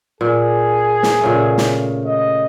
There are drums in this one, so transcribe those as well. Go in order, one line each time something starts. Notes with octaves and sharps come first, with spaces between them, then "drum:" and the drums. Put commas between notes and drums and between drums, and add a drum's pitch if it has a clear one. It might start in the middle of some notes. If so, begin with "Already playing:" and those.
A#2 G#4
drum: snare
A#2 C#3 A3
drum: snare
D#5